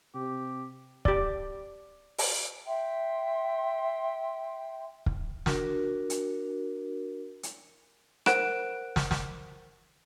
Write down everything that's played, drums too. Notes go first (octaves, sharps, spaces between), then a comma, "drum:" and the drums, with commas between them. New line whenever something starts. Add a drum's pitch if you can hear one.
C3 G4
G4 D5, drum: kick
drum: open hi-hat
E5 G5 C6
drum: kick
D4 F#4 A#4, drum: snare
drum: hi-hat
drum: hi-hat
A#4 C5 F#5 F#6 D7 E7, drum: rim click
drum: snare
drum: snare